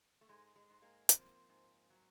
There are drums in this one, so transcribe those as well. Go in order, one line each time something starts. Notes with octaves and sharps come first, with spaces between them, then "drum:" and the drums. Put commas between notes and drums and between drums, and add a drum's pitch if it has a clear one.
A3
G#2 G#3
G#3
G#2
G#3 A#3
F3 A#3 C4, drum: hi-hat
G#2
F#3